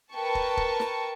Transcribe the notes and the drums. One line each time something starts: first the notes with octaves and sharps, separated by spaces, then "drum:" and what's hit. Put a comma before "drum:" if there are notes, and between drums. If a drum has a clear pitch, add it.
A#4 B4 G5 A5 C#6
drum: kick
drum: kick
drum: snare